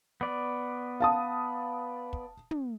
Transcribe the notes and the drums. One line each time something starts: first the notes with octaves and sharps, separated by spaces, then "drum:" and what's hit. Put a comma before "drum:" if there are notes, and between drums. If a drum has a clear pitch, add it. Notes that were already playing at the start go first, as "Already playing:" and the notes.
B3 D5
F5 A5 D#6
drum: kick
drum: tom